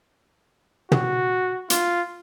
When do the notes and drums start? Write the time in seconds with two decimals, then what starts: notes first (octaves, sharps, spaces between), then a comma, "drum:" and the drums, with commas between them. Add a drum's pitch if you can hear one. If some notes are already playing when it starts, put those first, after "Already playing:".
0.92 F#4, drum: tom
1.70 F4, drum: hi-hat